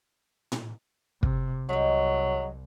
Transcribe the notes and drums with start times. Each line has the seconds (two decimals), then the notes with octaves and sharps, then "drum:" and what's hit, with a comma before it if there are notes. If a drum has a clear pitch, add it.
0.52 drum: tom A2
1.23 C3, drum: kick
1.69 C2 D#3 F#3 G#3